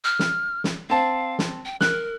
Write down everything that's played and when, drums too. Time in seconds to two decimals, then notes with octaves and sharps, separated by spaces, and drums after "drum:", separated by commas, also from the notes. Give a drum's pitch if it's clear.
0.04 F6
0.19 drum: snare
0.64 drum: snare
0.90 C4 F5 A5
1.39 drum: snare
1.65 G5
1.81 A#4 F#6, drum: snare